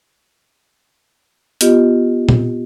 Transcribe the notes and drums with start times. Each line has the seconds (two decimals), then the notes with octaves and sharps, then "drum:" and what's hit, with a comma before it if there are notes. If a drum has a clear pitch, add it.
1.61 B3 F4 G4 D#5, drum: hi-hat
2.29 drum: tom A#2